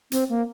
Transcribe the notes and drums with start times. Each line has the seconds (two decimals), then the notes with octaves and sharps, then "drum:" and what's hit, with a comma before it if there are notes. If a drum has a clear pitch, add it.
0.12 C4, drum: hi-hat
0.29 A#3